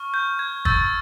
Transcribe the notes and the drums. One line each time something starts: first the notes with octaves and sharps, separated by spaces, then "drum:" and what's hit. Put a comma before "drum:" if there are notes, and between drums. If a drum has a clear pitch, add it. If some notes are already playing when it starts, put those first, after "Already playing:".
Already playing: C#6 F6
G6
G#6
C#6 E6 G6 A6, drum: kick